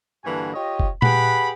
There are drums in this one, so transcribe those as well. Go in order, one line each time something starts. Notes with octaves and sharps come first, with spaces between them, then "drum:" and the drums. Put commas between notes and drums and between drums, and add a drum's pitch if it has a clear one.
G2 D3 E3 A#3 F#4 G#5
F4 G4 C#5 D#5
drum: kick
G4 G#4 B4 F#5 B5, drum: tom A#2